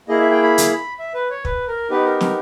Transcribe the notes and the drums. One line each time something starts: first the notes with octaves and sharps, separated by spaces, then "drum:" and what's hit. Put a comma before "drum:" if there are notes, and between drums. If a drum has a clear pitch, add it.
A#3 E4 G#4 D#5
E5
G5
B5
drum: hi-hat
E5
B4
C#5
B4, drum: kick
A#4
B3 D#4 G4 B4
A#4
A#4, drum: snare